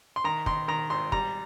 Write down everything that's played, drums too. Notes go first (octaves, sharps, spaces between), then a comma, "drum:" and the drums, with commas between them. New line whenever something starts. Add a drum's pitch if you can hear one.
C6
D#3 A#5
D#3 C6, drum: kick
D#3 A#5
G#1 C6
G3 A#5, drum: kick